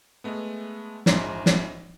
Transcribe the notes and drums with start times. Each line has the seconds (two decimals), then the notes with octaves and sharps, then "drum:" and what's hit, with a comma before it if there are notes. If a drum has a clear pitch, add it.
0.24 G#3 A3 B3
1.06 A#1 G#2, drum: snare
1.46 drum: snare